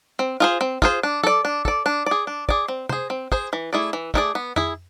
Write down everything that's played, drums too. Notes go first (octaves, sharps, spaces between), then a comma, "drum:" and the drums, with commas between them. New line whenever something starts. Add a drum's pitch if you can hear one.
C4
F4 G#4 C5
C4
F4 G#4 C5, drum: kick
D4
A4 D5, drum: tom
D4
A4 D5, drum: kick
D4
G#4 D5
D4
G#4 D5, drum: kick
C4
G#4 C5, drum: tom C3
C4
G#4 C5, drum: kick
E3
A3 E4 G#4 D5
E3
A3 E4 G#4 D5, drum: kick
B3
E4 G#4, drum: tom F2